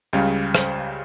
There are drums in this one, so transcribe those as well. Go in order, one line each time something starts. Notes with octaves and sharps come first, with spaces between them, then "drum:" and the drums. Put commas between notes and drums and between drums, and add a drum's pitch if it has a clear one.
C#2 C#3 G3 F5
C5, drum: rim click